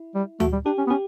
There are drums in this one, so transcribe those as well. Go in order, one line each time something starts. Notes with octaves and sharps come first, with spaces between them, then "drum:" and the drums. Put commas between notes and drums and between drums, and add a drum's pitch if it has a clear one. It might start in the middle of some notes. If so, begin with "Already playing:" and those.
Already playing: E4
G3
A3 F#4, drum: tom D2
G3
D4 G4
C#4
B3
C#4 G4